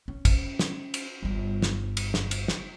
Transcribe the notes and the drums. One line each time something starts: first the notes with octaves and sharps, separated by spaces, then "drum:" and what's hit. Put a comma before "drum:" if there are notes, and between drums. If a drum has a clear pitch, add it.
C#4
drum: kick, cymbal
drum: snare
drum: cymbal
G1 G3
drum: snare
drum: cymbal
drum: snare
drum: cymbal
drum: snare